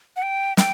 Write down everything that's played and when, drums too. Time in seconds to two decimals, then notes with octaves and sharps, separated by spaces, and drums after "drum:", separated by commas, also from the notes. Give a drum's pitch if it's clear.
0.16 F#5
0.23 G5
0.57 G5, drum: snare